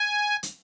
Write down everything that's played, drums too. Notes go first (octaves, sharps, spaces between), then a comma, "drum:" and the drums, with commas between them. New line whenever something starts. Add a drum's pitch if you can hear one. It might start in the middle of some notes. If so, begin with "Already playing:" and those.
Already playing: G#5
drum: hi-hat